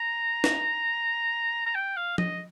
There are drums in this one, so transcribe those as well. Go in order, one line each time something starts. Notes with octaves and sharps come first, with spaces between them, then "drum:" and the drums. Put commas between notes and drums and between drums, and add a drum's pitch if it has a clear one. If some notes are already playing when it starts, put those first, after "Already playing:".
Already playing: A#5
drum: snare
A#5
G5
F5
D#5, drum: tom F3